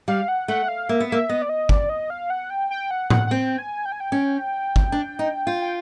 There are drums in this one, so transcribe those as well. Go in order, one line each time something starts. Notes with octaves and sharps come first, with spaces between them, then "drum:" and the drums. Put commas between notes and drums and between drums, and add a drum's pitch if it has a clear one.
G3 F5
F#5
A3 F#5
F5
A#3 E5
B3
A#3 E5
B3 D#5
D5
D#5
D5, drum: kick
D#5
F5
F#5
G5
G5
F#5
F#5, drum: tom A2
F#5
C4 G5
G#5
G5
G#5
G5
C#4
drum: kick
D4
D#4
F4
G5